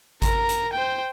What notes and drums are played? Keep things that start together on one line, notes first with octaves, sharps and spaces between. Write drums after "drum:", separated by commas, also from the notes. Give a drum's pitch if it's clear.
A#4 A#5, drum: kick G#1, hi-hat
drum: hi-hat
C5 G5